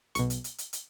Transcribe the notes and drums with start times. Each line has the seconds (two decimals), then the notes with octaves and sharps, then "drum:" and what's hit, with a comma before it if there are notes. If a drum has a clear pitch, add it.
0.15 B1 B2 C#6, drum: hi-hat
0.30 drum: hi-hat
0.44 drum: hi-hat
0.58 drum: hi-hat
0.73 drum: hi-hat